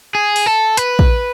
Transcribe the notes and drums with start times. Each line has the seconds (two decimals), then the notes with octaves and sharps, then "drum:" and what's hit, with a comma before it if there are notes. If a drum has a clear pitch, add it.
0.15 G#4
0.36 drum: open hi-hat
0.46 A4
0.77 B4, drum: hi-hat
0.99 drum: kick